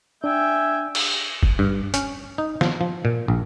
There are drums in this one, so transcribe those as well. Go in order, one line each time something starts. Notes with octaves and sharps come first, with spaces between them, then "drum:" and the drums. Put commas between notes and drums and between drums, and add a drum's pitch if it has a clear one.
D4 E5 G5 G#5
drum: cymbal
drum: kick
G2
C#4, drum: hi-hat
D#4
F3, drum: snare
F3
A#2
A#1